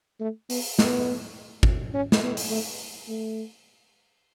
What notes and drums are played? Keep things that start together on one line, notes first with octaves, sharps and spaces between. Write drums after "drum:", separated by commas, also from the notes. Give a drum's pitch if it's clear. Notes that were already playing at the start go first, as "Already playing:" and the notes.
A3
B3, drum: open hi-hat
B3, drum: snare
drum: kick
C#4
drum: snare
B3
drum: open hi-hat
A3
A3